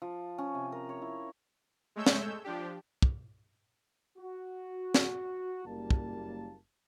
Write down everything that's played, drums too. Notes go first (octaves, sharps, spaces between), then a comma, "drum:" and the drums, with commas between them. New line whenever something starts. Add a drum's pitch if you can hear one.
F3
C#4
C3
A#4
C#5
E4
G#3 A3 C#5 E6 G6
drum: snare
F3 D4 G4
drum: kick
F#4
drum: snare
F#1 G3 A#3 A5
drum: kick